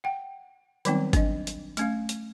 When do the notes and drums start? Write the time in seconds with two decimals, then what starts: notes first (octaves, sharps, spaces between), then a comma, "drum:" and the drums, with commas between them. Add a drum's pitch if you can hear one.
0.04 F#5 G5
0.85 D#3 F#3 G3 B3 C4 D#4, drum: hi-hat
1.13 D4 D#5, drum: kick G#1, hi-hat
1.47 drum: hi-hat
1.77 A3 C#4 F5, drum: hi-hat
2.09 drum: hi-hat